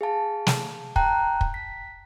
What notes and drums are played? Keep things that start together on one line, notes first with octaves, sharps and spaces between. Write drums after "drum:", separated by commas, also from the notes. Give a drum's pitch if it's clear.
G#4 F5 A5
drum: snare
G5 A5 A#5 F#6, drum: kick
drum: kick
B6